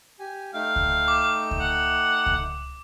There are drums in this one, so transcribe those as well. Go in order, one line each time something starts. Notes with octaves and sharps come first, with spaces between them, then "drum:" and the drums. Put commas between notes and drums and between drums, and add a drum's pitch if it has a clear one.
G4 G#5
A3 D#4 F5 G5
drum: kick C#2
D6
drum: kick C#2
F#5
drum: kick C#2